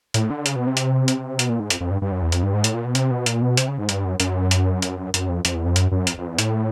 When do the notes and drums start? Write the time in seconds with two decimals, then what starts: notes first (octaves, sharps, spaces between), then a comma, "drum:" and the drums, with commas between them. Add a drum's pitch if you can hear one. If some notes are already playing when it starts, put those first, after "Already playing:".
0.14 A2, drum: hi-hat
0.30 D3
0.46 C#3, drum: hi-hat
0.56 B2
0.67 C3
0.77 drum: hi-hat
1.08 drum: hi-hat
1.39 B2, drum: hi-hat
1.49 A#2
1.60 G#2
1.70 F2, drum: hi-hat
1.81 F2
1.91 G2
2.02 G2
2.12 F#2
2.22 E2
2.32 F2, drum: hi-hat
2.43 G2
2.54 G#2
2.64 A2, drum: hi-hat
2.74 A#2
2.85 B2
2.95 C3, drum: hi-hat
3.11 B2
3.26 A#2, drum: hi-hat
3.42 B2
3.57 C3, drum: hi-hat
3.68 C#3
3.78 G#2
3.89 G2, drum: hi-hat
4.05 F#2
4.20 F#2, drum: hi-hat
4.51 drum: hi-hat
4.82 drum: hi-hat
5.14 F#2, drum: hi-hat
5.29 F2
5.45 F2, drum: hi-hat
5.55 E2
5.66 F2
5.76 F#2, drum: hi-hat
5.91 F#2
6.07 F2, drum: hi-hat
6.18 F2
6.28 E2
6.39 A2, drum: hi-hat